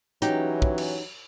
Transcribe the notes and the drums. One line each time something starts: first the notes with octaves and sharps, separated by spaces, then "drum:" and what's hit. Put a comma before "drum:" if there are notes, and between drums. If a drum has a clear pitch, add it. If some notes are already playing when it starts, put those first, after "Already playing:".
E3 F#3 C#4 D#4 G4, drum: hi-hat
drum: kick
drum: cymbal